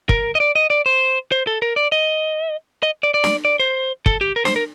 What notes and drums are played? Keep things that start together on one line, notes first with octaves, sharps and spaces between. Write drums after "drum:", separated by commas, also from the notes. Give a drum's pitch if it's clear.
A#4, drum: kick
D#5
D5
D#5
D5
C5
C5
A4
A#4
D5
D#5
D#5
D5
D5
drum: snare
D5
C5
A4, drum: kick
G4
A#4
C5, drum: snare
A#4